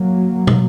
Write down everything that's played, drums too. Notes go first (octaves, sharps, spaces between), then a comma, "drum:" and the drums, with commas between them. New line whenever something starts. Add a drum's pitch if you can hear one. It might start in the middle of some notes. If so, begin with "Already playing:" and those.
Already playing: F#3 A#3
drum: tom